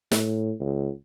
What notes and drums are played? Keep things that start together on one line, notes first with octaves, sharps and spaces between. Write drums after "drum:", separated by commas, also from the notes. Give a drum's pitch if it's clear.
A2, drum: snare
C#2